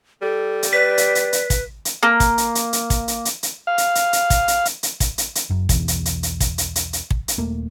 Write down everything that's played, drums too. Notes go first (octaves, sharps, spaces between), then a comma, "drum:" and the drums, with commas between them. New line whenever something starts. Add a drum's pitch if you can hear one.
G3 A4
drum: hi-hat
B4 D5 B6
drum: hi-hat
drum: hi-hat
drum: hi-hat
drum: kick, hi-hat
drum: hi-hat
A#3
drum: kick, hi-hat
drum: hi-hat
drum: hi-hat
drum: hi-hat
drum: kick, hi-hat
drum: hi-hat
drum: hi-hat
drum: hi-hat
F5
drum: hi-hat
drum: hi-hat
drum: hi-hat
drum: kick, hi-hat
drum: hi-hat
drum: hi-hat
drum: hi-hat
drum: kick, hi-hat
drum: hi-hat
drum: hi-hat
F#1 F#2
B1 E2, drum: kick, hi-hat
drum: hi-hat
drum: hi-hat
drum: hi-hat
drum: kick, hi-hat
drum: hi-hat
drum: hi-hat
drum: hi-hat
drum: kick
drum: hi-hat
D#1 A3 A#3